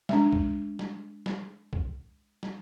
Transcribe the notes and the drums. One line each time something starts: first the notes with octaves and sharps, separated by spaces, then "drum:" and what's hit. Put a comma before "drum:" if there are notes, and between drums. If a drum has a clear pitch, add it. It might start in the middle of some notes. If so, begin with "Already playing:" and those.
G#3 D4, drum: snare
drum: kick B1
drum: snare
drum: snare
drum: kick B1
drum: snare